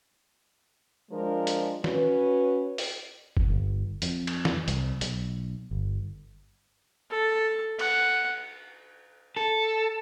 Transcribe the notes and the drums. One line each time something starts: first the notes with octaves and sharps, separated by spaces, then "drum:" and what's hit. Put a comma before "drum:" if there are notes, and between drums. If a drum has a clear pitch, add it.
F3 G#3 D4 F4 A#4
drum: hi-hat
C#4 F#4 B4, drum: snare
drum: open hi-hat
drum: kick
G1
F2, drum: hi-hat
drum: cymbal
drum: snare
C2, drum: hi-hat
B1, drum: hi-hat
G1
A4
F#5, drum: cymbal
A4